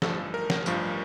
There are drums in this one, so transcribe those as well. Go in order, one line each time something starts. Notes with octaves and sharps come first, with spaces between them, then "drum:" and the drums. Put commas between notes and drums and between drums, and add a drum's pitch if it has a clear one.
A1 G2 F3 A4, drum: snare
A#4
drum: snare
A1 G2 F3, drum: tambourine